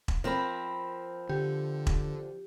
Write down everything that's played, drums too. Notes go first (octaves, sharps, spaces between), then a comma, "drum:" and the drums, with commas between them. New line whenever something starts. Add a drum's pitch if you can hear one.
drum: kick E1
F3 C4 A#4 B5
D3 G4
drum: kick E1